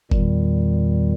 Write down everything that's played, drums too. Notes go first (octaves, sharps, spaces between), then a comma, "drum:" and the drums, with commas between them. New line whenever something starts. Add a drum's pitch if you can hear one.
E2 A#2 D#3 G3, drum: kick F#1